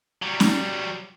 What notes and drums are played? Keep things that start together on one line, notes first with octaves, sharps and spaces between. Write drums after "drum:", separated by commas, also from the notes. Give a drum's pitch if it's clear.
F#3 G3
drum: snare C#4